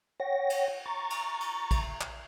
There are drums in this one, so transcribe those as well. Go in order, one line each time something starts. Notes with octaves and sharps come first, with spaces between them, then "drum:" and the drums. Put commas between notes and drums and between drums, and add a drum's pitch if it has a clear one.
C#5 F#5 G5 A#6
drum: cymbal
A#5 C#6 A6
drum: cymbal
drum: cymbal
drum: kick, cymbal
drum: clap